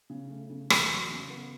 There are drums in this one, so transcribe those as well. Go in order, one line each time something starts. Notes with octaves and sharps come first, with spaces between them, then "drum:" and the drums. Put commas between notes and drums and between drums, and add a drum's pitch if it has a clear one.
C#3
A3
C#3
E2, drum: rim click
F#3
C#3
B3